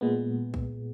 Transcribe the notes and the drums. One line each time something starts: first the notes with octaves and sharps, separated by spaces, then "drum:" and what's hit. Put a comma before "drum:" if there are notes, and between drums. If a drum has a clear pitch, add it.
A#2 G#3 B3
drum: kick B1